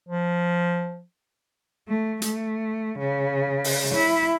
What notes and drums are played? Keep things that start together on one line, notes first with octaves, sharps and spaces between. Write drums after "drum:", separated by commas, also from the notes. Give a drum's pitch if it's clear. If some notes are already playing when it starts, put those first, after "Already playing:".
F3
A3
A3, drum: hi-hat
C#3
drum: open hi-hat
E4